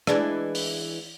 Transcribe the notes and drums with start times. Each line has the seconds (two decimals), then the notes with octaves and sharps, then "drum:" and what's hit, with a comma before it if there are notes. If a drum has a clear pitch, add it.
0.07 E3 G#3 D4, drum: rim click
0.55 drum: open hi-hat